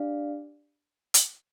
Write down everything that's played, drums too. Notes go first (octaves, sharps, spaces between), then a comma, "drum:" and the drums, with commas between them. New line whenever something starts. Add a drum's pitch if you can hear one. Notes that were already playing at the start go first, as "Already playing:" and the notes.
Already playing: D4 G4 D5 F5
drum: hi-hat